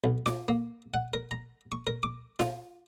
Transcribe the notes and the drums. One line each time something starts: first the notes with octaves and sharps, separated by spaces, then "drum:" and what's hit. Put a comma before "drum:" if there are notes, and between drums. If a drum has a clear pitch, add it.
B1
D6, drum: snare F4
A#3
F#5
A#4
A#5
C#6
A#4
D6
F4, drum: snare F4